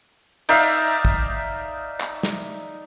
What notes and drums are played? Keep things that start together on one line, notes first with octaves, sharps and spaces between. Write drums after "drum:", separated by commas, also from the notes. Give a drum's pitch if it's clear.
D#4 D5 E5 F5, drum: cymbal
drum: kick
drum: clap
drum: snare